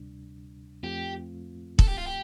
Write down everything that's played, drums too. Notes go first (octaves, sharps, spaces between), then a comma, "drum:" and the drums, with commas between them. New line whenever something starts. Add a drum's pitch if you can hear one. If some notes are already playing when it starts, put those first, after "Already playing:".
Already playing: D2 C3 G3 D4
F2 F3 A3 C4 F4 G4
A4, drum: kick
G4
F4
G4